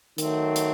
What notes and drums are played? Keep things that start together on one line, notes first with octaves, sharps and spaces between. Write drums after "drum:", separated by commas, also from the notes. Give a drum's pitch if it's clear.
D#3 F#3 A3 C4, drum: hi-hat
drum: hi-hat